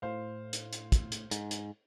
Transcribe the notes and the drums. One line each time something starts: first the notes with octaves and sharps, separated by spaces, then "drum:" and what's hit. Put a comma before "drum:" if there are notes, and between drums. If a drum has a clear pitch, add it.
A2 C5 F5
drum: hi-hat
drum: hi-hat
drum: kick, hi-hat
drum: hi-hat
G#2, drum: hi-hat
drum: hi-hat